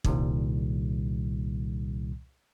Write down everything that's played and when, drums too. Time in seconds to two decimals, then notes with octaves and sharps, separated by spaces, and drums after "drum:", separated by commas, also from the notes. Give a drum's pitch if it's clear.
0.04 C2 A#2 D#3 G3, drum: kick